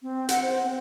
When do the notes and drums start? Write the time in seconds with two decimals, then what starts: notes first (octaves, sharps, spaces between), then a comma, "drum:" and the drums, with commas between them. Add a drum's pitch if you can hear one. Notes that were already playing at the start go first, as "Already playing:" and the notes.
0.02 C4
0.29 F#5, drum: hi-hat
0.42 C5
0.63 C4